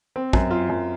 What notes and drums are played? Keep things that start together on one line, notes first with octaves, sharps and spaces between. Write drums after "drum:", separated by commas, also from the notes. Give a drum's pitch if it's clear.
C4
F#2, drum: kick
F4
F#2